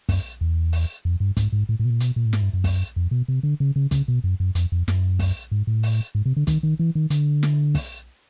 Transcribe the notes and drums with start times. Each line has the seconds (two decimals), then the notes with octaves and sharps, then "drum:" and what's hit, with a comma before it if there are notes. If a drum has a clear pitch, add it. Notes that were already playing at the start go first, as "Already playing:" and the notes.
0.09 F#2, drum: kick, open hi-hat
0.41 E2
0.73 drum: open hi-hat
1.05 F2
1.20 G2
1.37 G#2, drum: kick, hi-hat
1.52 G#2
1.69 A2
1.80 A2
1.85 B2
1.90 A#2
2.00 B2, drum: hi-hat
2.16 A#2
2.26 A2
2.33 G#2, drum: snare
2.42 G2
2.53 F#2
2.64 drum: kick, open hi-hat
2.96 F2
3.11 B2
3.28 C3
3.43 D3
3.60 C#3
3.76 C#3
3.91 C#3, drum: kick, hi-hat
4.08 B2
4.24 F#2
4.40 F#2
4.55 F2, drum: hi-hat
4.72 F2
4.88 F#2, drum: snare
5.19 drum: kick, open hi-hat
5.52 G#2
5.67 A2
5.83 drum: open hi-hat
6.15 G#2
6.26 C3
6.37 D3
6.47 D#3, drum: kick, hi-hat
6.63 D#3
6.79 E3
6.95 D#3
7.10 D3, drum: hi-hat
7.43 drum: snare
7.75 drum: kick, open hi-hat